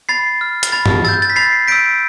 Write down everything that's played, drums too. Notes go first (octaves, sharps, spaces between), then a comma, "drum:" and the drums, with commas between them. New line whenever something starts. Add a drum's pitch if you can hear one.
B5 A6 C7
F6
drum: hi-hat
B5 A6
drum: tom G2
E6 G6 A6
A6
B6
B5 A6 C7
E6 G6 B6 D7